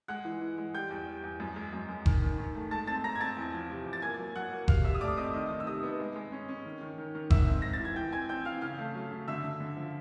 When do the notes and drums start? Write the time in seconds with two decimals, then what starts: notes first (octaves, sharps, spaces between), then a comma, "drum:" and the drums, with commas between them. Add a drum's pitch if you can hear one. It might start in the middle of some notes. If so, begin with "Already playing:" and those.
0.08 G#3 F#5 F#6
0.25 E3
0.41 E3
0.58 G#3
0.74 G3 G5 G6
0.91 E2
1.07 G3
1.24 E2
1.40 F#2
1.56 G#3
1.73 F#2
1.89 F#2
2.06 D#3, drum: kick F#1
2.22 D#3
2.38 D#3
2.55 A3
2.71 G#3 A5 A6
2.87 C4 A5 A6
3.04 C4 A#5 A#6
3.16 G#6
3.20 C4 A5 A6
3.37 E2
3.53 F3
3.70 C3
3.86 E2
3.93 A6
4.02 A#3 G#5 G#6
4.19 F#3
4.35 F#3 F#5 F#6
4.52 A#3
4.68 C3 F5 F6, drum: kick F#1
4.85 C3 E5 E6
4.94 D#6
5.01 A3 D5 D6
5.17 C4 D#5 D#6
5.34 D#3 D#5 D#6
5.51 D#3
5.60 E6
5.66 C3 D#5 D#6
5.83 B3
6.00 G#3
6.16 G#3
6.32 C#4
6.49 C#4
6.65 D#3
6.81 D#3
6.98 D#3
7.15 D#3
7.30 G#2 E5 E6, drum: kick F#1
7.47 C4
7.62 G#2 A#6
7.73 A6
7.80 E3 G#6
7.96 E3 G5 G6
8.12 C4 G#5 G#6
8.29 C4 G5 G6
8.45 E3 F5 F6
8.62 C#3 F5 F6
8.79 A3
8.95 F#3
9.11 C#3
9.28 D3 E5 E6
9.44 D3
9.60 D3
9.77 F3